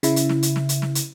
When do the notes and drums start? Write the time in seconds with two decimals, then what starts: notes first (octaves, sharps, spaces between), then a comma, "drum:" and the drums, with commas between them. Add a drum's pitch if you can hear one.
0.03 C#3 E4, drum: hi-hat
0.16 drum: hi-hat
0.29 drum: snare
0.43 drum: hi-hat
0.56 drum: snare
0.69 drum: hi-hat
0.82 drum: snare
0.95 drum: hi-hat